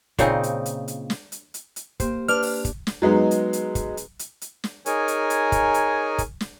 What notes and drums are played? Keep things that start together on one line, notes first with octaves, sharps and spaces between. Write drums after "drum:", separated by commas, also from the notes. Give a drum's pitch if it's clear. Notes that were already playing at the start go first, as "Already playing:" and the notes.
A#2 C#3 C4 D#4, drum: kick, hi-hat
drum: hi-hat
drum: hi-hat
drum: hi-hat
drum: snare
drum: hi-hat
drum: hi-hat
drum: hi-hat
A#3 G4 C5, drum: kick, hi-hat
D4 B4 F6
drum: open hi-hat
drum: kick, hi-hat
drum: snare
F#3 G#3 B3 D#4
drum: hi-hat
drum: hi-hat
drum: kick, hi-hat
drum: hi-hat
drum: hi-hat
drum: hi-hat
drum: snare
D#4 G#4 A#4 C#5 G#5, drum: hi-hat
drum: hi-hat
drum: hi-hat
drum: kick, hi-hat
drum: hi-hat
drum: kick, hi-hat
drum: snare